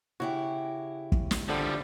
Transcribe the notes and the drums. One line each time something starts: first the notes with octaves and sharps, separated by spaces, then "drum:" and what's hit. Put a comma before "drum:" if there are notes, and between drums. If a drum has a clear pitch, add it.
C#3 E4 F#4 G4
drum: kick
drum: snare
D3 F3 G3